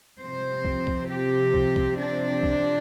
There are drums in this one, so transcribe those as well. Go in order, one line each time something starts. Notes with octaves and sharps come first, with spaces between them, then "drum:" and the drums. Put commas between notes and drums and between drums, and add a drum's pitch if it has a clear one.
C3 F3 C4 C5
drum: kick
drum: kick
G4
drum: kick
drum: kick
D4
drum: kick